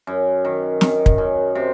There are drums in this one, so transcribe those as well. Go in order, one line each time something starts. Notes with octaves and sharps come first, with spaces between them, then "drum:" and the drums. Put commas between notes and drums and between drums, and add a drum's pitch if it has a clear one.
F#2
D#3
D#3, drum: snare
drum: kick
F#2
C3